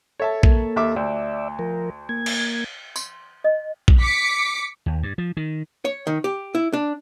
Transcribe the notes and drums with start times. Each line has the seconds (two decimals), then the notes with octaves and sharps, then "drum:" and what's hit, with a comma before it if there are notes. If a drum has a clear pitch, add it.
0.20 A4 C#5 E5 A5
0.43 A#3 A4, drum: kick A#1
0.76 D#2 E5 D6
0.96 D2 D5 E5
1.59 F3 A#4
2.09 A#3 G#6
2.26 drum: cymbal
2.96 C6, drum: tambourine
3.44 D#5
3.88 drum: kick A#1
4.00 D6 B6 C#7
4.86 D#2
5.03 G2
5.18 F3
5.37 D#3
5.85 C#5
6.07 D#3
6.24 G4
6.55 E4
6.73 D4